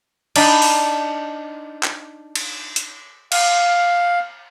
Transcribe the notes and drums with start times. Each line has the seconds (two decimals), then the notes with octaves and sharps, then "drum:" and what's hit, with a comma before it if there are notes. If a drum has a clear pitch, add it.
0.36 D4 D#4 D5 G5 B5, drum: cymbal
0.62 drum: open hi-hat
1.83 drum: clap
2.35 drum: cymbal
2.76 drum: hi-hat
3.32 F5, drum: cymbal